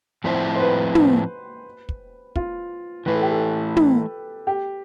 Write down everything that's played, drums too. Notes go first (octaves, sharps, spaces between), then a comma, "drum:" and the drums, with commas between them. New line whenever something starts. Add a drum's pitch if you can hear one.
A2 F3 C4 E4 C5
C5
B4
B4, drum: tom
drum: kick
F4, drum: kick
E3 A3 E4 B4
A4
G4
A4
drum: tom
G4